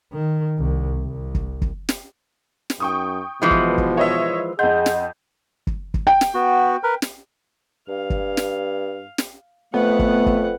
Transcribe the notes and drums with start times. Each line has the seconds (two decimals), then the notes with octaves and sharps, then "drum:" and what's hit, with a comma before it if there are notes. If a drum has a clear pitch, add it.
0.13 D#3
0.58 C2
1.04 C2
1.35 drum: kick
1.62 drum: kick
1.89 drum: snare
2.70 drum: snare
2.80 F#2 G5 C#6 D#6
3.42 B2 E3 F3 G#3
3.51 drum: kick
3.78 drum: kick
3.97 C#5 D#5 E5
4.59 F2 G#4 D#5 F#5 C6 G6
4.86 drum: snare
5.67 drum: kick
5.94 drum: kick
6.07 G5
6.21 drum: snare
6.34 B3 F#4
6.83 A#4 B4
7.02 drum: snare
7.89 G2 F5
8.10 drum: kick
8.37 drum: snare
9.18 drum: snare
9.74 F2 A3 B3 B4 F#5
9.99 drum: kick
10.26 drum: kick